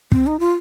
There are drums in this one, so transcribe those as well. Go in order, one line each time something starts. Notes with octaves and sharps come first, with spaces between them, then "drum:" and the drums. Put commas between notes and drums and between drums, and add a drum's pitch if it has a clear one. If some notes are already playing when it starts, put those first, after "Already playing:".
C4, drum: kick
D#4
F4